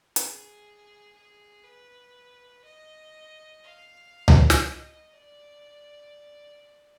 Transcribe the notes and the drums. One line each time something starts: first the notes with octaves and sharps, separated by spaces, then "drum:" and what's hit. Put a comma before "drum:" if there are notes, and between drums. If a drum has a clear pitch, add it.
G#4, drum: hi-hat
G#4
B4
D#5
F5
drum: tom C#2
drum: snare
D#5
D5
D5